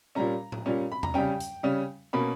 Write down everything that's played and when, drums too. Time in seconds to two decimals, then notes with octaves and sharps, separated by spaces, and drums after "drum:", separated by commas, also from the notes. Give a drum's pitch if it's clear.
0.15 A#2 G3 C#4 A#5
0.52 drum: tom A2
0.66 A#2 G3 C#4
0.92 B5
1.03 A#5, drum: tom E2
1.14 C#3 G3 C#4 G5
1.40 drum: hi-hat
1.63 C#3 G3 C#4
2.13 B2 A#3 C#4 B5